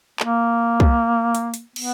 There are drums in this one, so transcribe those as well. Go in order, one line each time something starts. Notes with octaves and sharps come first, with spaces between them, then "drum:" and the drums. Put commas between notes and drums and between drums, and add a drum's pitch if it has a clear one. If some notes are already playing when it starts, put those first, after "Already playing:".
A#3, drum: clap
drum: kick
drum: hi-hat
drum: hi-hat
B3, drum: cymbal